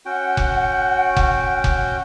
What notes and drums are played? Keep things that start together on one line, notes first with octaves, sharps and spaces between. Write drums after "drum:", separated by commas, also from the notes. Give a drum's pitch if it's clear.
C#4 F#4 F#5 G5
drum: kick F1
drum: kick F1
drum: kick F1